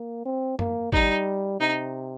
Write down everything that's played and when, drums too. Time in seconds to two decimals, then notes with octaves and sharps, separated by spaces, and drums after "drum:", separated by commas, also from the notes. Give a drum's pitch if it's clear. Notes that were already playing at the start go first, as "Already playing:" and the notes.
Already playing: A#3
0.26 C4
0.59 A#3, drum: tom F#2
0.92 G3 D#4, drum: kick
1.60 C3 D#4